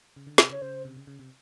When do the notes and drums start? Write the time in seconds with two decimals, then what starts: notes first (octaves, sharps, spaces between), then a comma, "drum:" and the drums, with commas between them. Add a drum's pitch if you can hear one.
0.16 C#3
0.27 D3
0.38 C3, drum: snare
0.50 C#3 C#5
0.62 C#3 C5
0.85 C3
0.97 C#3
1.07 C#3
1.19 C3